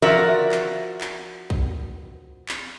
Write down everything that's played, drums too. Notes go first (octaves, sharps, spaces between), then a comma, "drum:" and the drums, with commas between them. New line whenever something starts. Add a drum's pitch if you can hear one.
F3 F#4 A#4 D5 E5
drum: clap
drum: clap
drum: kick B1
drum: clap